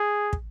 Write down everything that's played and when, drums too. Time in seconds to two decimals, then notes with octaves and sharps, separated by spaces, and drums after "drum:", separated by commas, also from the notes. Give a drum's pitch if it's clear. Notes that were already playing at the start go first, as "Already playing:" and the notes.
Already playing: G#4
0.33 drum: kick